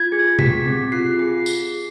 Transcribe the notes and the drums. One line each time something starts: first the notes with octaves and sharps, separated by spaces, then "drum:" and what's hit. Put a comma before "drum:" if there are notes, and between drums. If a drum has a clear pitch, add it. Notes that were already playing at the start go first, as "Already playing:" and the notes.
Already playing: F4 G#6
G#4
G4 B6, drum: tom C3
C4
F4 C7
G#4 C7
drum: tambourine